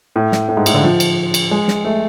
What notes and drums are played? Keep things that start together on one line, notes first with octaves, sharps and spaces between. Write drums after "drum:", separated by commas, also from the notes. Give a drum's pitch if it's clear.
A2
drum: snare
A2
G#2
A2, drum: cymbal
D3
F3
drum: cymbal
drum: cymbal
G#3
drum: snare
A3